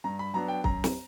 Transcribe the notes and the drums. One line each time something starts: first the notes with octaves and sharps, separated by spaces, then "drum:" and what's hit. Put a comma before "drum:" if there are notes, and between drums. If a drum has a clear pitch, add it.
G2 A#5
B5
F#3 B3 D4 A#5
G5
F#2 A#5, drum: kick
drum: snare